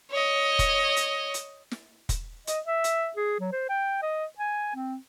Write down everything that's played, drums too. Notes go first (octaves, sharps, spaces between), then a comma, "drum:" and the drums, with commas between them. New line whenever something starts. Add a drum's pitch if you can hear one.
C#5 D#5
drum: kick, hi-hat
drum: hi-hat
drum: hi-hat
drum: snare
drum: kick, hi-hat
D#5, drum: hi-hat
E5
drum: hi-hat
G#4
F#3
C5
G5
D#5
G#5
C4